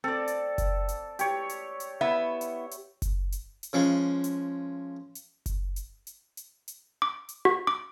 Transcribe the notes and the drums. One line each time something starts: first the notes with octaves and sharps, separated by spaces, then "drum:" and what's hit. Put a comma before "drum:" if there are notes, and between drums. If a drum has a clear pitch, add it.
C4 A4 D5
drum: hi-hat
drum: kick F#1, hi-hat
drum: hi-hat
G4 C#5, drum: hi-hat
drum: hi-hat
drum: hi-hat
B3 E4 E5
drum: hi-hat
drum: hi-hat
drum: kick F#1, hi-hat
drum: hi-hat
drum: hi-hat
C#3 F3 G#3
drum: hi-hat
drum: hi-hat
drum: kick F#1, hi-hat
drum: hi-hat
drum: hi-hat
drum: hi-hat
drum: hi-hat
D6
drum: hi-hat
F#4
D6